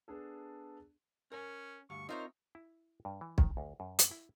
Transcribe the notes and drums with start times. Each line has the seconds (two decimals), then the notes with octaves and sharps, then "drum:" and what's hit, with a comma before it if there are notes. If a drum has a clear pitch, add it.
0.08 B3 D4 G#4 A4
1.32 C#4 A#4 C#5 G#5
1.90 D2 G2 F5 C#6
2.09 C4 D#4 F4 A#4 C5 C#5 E5
2.55 E4
3.05 G2
3.21 E3
3.38 D#3, drum: kick B1
3.57 D2
3.80 F#2
3.99 drum: hi-hat
4.11 E4